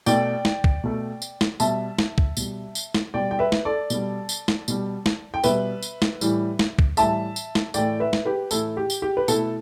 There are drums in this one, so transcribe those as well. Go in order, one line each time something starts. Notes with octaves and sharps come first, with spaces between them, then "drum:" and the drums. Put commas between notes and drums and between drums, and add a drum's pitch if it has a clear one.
B2 A3 D5 G5, drum: tambourine
drum: snare
drum: kick
B2 A3
drum: tambourine
drum: snare
B2 G3 E5 A5, drum: tambourine
drum: snare
drum: kick
B2 G3, drum: tambourine
drum: tambourine
drum: snare
B2 G3 D5 G5
G5
B4 E5
drum: snare
A4 D5
B2 G3, drum: tambourine
drum: tambourine
drum: snare
B2 G3, drum: tambourine
drum: snare
G5
B2 G3 B4 E5, drum: tambourine
drum: tambourine
drum: snare
A2 E3 G3, drum: tambourine
drum: snare
drum: kick
A2 E3 G3 E5 A5, drum: tambourine
drum: tambourine
drum: snare
A2 E3 A3 D5 G5, drum: tambourine
B4 E5
drum: snare
G4 B4
A2 E3 A3 E4 A4, drum: tambourine
G4
drum: tambourine
G4
B4
B2 A3 E4 A4, drum: tambourine